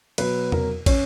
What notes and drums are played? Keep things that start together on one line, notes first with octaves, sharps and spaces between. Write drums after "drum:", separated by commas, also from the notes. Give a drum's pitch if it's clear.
B2 F#3 B4, drum: cymbal
A#4, drum: tom E2
C#4, drum: kick, cymbal